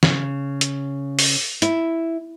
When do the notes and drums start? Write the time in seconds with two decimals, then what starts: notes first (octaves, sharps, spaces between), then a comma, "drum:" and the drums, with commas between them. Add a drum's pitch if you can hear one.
0.03 C#3, drum: snare
0.61 drum: hi-hat
1.19 drum: open hi-hat
1.62 E4, drum: hi-hat